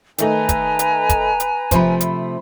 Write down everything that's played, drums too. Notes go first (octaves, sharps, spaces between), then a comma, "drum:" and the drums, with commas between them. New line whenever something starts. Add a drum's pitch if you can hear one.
D#3 A3 D#4 B4 G#5 A#5, drum: hi-hat
drum: kick, hi-hat
drum: hi-hat
drum: kick, hi-hat
drum: hi-hat
C3 F3 A3 C5 B5, drum: kick, hi-hat
drum: hi-hat